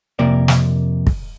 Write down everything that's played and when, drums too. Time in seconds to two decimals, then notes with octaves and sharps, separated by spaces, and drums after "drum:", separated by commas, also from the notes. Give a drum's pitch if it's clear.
0.19 F2 C3 A#3 A#4 D5
0.48 drum: snare
1.07 drum: kick